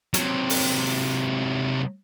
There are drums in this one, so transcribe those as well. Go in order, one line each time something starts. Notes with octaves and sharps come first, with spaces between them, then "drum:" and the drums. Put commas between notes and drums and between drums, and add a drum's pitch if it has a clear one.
C3 F#3, drum: hi-hat
drum: open hi-hat